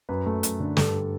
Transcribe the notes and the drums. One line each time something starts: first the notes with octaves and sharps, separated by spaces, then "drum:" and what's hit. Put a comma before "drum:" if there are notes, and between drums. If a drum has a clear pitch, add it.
F#2 B4
A3
F#2, drum: hi-hat
D3
G2 A4, drum: snare